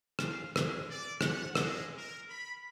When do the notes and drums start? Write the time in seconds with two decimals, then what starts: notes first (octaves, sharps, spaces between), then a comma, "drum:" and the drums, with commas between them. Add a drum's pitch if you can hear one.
0.19 F5, drum: rim click
0.56 G#3, drum: rim click
0.88 D5
1.21 F#5, drum: rim click
1.55 G#3, drum: rim click
1.94 A#4
2.27 B5